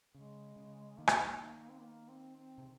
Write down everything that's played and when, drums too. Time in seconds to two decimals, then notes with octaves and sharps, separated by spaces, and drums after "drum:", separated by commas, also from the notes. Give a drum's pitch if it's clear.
0.15 C#3 G#3
0.56 C#3
0.98 D#3 A#3
1.07 drum: rim click
1.69 C4
1.80 A#3
2.08 C4
2.36 C4
2.58 C3